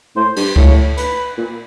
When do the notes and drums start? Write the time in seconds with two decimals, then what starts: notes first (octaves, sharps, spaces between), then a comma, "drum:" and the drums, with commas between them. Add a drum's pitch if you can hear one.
0.16 A2 C5
0.36 G2, drum: cymbal
0.56 A2 C#5, drum: kick C#2
0.97 B4, drum: hi-hat
1.37 A#2